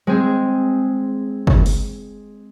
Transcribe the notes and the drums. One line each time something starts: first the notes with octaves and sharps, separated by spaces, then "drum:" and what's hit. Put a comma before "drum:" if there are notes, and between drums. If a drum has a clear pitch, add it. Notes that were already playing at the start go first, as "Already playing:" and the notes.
G#3 C4 G#4
drum: kick
drum: open hi-hat